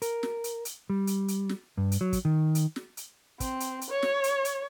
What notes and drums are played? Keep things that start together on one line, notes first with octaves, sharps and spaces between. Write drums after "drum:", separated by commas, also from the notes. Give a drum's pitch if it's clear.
A#4, drum: hi-hat
drum: snare
drum: hi-hat
drum: hi-hat
G3
drum: hi-hat
drum: hi-hat
drum: snare
G2
drum: hi-hat
F#3
drum: kick, hi-hat
D#3
drum: hi-hat
drum: snare
drum: hi-hat
C4, drum: kick, hi-hat
drum: hi-hat
drum: hi-hat
C#5
drum: snare
drum: hi-hat
drum: hi-hat